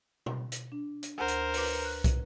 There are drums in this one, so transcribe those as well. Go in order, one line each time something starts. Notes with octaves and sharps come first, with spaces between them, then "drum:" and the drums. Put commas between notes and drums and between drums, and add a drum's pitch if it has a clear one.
drum: tom
drum: hi-hat
D4
drum: hi-hat
D2 A#4 C5 F#5
drum: hi-hat
B4 A#5 D6, drum: open hi-hat
F#6
drum: kick, hi-hat